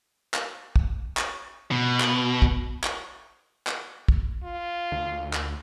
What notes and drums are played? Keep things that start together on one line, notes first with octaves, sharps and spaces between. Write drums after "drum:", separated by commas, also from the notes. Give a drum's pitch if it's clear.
drum: clap
drum: kick
drum: clap
B2
drum: clap
drum: kick
drum: clap
drum: clap
drum: kick
F4
D2
drum: clap